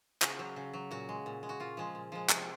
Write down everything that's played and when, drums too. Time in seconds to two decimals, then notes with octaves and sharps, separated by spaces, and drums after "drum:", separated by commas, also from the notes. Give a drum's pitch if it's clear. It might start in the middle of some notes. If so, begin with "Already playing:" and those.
0.22 C#3 F#4, drum: clap
0.39 F#3
0.56 C#3
0.73 F#3
0.91 A#2 F#4
1.09 G#3
1.26 A#2
1.43 G#3
1.49 F#4
1.60 A#2 F4
1.77 F3 G#3
1.95 A#2
2.12 F3 G#3
2.29 C3, drum: clap